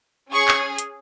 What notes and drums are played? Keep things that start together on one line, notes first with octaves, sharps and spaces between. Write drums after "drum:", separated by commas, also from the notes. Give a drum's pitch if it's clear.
C#4 G#4 C#6
drum: clap
drum: hi-hat